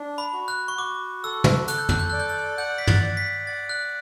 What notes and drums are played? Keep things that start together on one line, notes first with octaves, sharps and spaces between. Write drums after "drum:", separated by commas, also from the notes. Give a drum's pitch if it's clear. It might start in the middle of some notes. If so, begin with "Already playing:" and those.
Already playing: D4
B5
F#4
F#6
C#6
F#4 D6
A4 E6
drum: tom
A4 F#6, drum: hi-hat
G6
F#6, drum: tom F2
G6
D5 F#6
G6
F#6
F#5 G6
B6
A6, drum: tom
D5
B6
F#5 A6
F#6